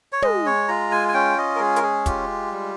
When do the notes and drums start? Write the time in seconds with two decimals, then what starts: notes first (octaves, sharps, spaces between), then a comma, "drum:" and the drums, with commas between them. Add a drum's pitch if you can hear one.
0.12 C#5
0.22 G#3 D#5, drum: tom
0.46 C#5
0.68 F4 A#5
0.91 G#5
1.08 G#5
1.14 C#4 G5
1.38 D#5
1.56 A#4
1.60 G#3 G#4
1.76 A#4, drum: hi-hat
1.83 G#4
2.06 F4 G4, drum: kick, hi-hat
2.52 G3